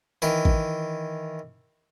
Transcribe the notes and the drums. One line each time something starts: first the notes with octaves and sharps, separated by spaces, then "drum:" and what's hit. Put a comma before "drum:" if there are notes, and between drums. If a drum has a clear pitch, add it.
D#3 E3, drum: tambourine
drum: kick